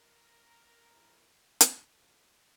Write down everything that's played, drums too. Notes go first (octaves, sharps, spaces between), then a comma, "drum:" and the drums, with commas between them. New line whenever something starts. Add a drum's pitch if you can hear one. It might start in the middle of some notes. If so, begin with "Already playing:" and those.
Already playing: A#4
A#1 A2 E3
drum: hi-hat
E2 C3 F3 A4